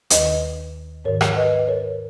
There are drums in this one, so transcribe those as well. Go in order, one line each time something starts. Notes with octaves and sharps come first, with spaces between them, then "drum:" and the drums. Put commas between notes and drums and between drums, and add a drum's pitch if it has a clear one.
D#2 D#3 B4 D#5, drum: hi-hat
G#2 D#3 A#4 C#5
drum: rim click
B4 D#5
A#4 C#5